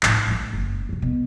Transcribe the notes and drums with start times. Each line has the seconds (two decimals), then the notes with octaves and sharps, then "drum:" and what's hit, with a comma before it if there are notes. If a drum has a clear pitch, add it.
0.03 A2 D#4, drum: clap
0.27 E3 A3
0.53 F#1
0.89 F#2 C#3
1.02 B2